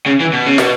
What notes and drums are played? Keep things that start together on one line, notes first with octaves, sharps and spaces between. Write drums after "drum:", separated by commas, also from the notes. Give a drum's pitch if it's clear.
C#3
E3
B2
C#3
B2, drum: snare